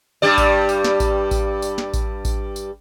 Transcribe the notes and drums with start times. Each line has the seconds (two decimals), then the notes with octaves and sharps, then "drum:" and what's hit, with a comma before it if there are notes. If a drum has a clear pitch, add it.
0.22 G2 G3 D5
0.38 drum: kick A1, tambourine
0.69 drum: tambourine
0.84 drum: snare
1.00 drum: kick A1, tambourine
1.31 drum: kick A1, tambourine
1.62 drum: tambourine
1.78 drum: snare
1.94 drum: kick A1, tambourine
2.25 drum: kick A1, tambourine
2.56 drum: tambourine